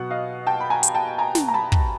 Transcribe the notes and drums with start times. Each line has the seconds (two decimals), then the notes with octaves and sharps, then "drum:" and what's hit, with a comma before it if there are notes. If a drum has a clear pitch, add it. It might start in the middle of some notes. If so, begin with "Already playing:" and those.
Already playing: B2 F#3 F#5
0.11 D#5 F5
0.47 G5 A5
0.61 B5
0.70 G#5 A#5
0.83 drum: hi-hat
0.95 G5 A5
1.18 G#5 A#5
1.35 drum: snare
1.48 A#5
1.54 A5 B5
1.72 drum: kick